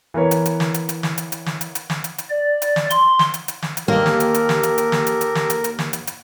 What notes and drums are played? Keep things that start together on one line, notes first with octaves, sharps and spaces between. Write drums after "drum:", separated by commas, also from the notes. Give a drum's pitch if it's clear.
E3 B3 A#4 B4 C#5
drum: hi-hat
drum: hi-hat
drum: snare
drum: hi-hat
drum: hi-hat
drum: snare
drum: hi-hat
drum: hi-hat
drum: snare
drum: hi-hat
drum: hi-hat
drum: snare
drum: hi-hat
drum: hi-hat
D5
drum: hi-hat
drum: snare
C6, drum: hi-hat
drum: snare
drum: hi-hat
drum: hi-hat
drum: snare
drum: hi-hat
D#2 D#3 A#3 G4 A4 A#4
drum: snare
drum: hi-hat
drum: hi-hat
drum: snare
drum: hi-hat
drum: hi-hat
drum: snare
drum: hi-hat
drum: hi-hat
drum: snare
drum: hi-hat
drum: hi-hat
drum: snare
drum: hi-hat
drum: hi-hat